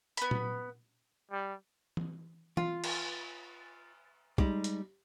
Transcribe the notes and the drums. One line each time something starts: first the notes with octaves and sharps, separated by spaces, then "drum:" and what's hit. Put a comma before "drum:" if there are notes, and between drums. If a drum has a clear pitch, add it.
B3 B5, drum: hi-hat
drum: tom A#2
G3
drum: tom E3
F4, drum: tom E3
drum: cymbal
G3 G#3 D#4, drum: kick
drum: hi-hat